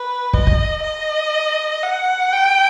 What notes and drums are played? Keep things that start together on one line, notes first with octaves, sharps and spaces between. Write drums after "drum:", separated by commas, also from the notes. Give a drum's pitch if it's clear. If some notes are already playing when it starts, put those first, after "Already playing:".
Already playing: B4
D#5, drum: kick
drum: kick
D#5
F#5
G5